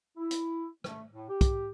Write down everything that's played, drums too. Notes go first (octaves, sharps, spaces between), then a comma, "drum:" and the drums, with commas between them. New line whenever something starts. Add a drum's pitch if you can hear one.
E4
drum: hi-hat
A3, drum: rim click
A2
G4
drum: kick, hi-hat